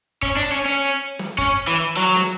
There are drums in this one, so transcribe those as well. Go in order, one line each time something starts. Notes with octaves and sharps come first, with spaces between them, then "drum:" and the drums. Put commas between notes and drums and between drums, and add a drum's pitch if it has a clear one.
C#4, drum: kick F#1
D4
C#4
C#4
drum: snare
C#4, drum: kick F#1
E3
F#3
drum: snare